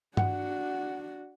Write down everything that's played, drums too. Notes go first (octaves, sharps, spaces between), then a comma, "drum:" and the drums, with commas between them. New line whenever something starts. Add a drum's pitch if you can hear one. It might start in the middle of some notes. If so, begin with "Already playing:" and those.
D4 F#4 F#5, drum: tom G2